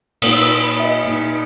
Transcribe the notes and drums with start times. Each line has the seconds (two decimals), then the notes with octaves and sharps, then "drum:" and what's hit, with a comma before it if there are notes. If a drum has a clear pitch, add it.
0.22 A#2 A#3 D#4 D#6, drum: cymbal
0.33 E6
0.43 D#6
0.64 B5
0.80 E5
0.84 D#5
1.05 A#2 A#3 D#4